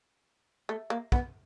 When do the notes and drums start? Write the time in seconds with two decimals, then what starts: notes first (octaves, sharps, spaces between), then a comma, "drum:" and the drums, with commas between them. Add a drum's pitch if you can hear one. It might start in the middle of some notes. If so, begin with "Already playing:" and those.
0.69 A3
0.90 A#3
1.12 B3, drum: kick